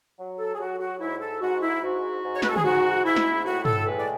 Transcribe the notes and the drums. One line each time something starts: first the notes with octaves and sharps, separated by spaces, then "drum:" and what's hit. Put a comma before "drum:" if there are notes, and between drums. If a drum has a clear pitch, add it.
F#3
A4
G#4
F#3 F#4
F#4
G#2 E4
A4
G#2 F#4
E4
G#2 F#4
G#2
C#5
B4, drum: snare
A4
G#4, drum: tom
G#2 F#4
G#2 E4
drum: snare
A2 F#4
A4, drum: tom
G#3 B4
D5